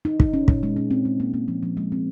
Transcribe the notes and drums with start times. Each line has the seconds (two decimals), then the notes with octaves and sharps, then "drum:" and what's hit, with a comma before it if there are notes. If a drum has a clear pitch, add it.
0.05 D#4
0.20 D#4, drum: kick
0.34 C#4
0.48 A#2, drum: kick
0.63 G#3
0.76 C#4
0.91 C4
1.05 G#3
1.20 A#3
1.34 A#3
1.48 F3
1.63 F3
1.77 G#3
1.92 C4